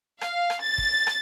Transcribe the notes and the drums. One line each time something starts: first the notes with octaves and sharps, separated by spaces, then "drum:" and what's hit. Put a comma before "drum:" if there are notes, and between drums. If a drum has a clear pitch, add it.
F5, drum: rim click
drum: rim click
A6
drum: kick
drum: rim click